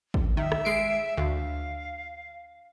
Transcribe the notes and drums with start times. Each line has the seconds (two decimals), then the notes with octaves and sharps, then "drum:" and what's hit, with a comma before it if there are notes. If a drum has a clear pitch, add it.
0.14 drum: kick
0.37 D#3 E5
0.52 drum: rim click
0.65 G#3 C7 D7
1.17 D2 F5